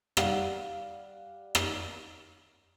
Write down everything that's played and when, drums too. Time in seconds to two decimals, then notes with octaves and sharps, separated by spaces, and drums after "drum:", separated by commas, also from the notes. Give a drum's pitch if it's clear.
0.17 G3 F5 F#5, drum: rim click
1.55 drum: rim click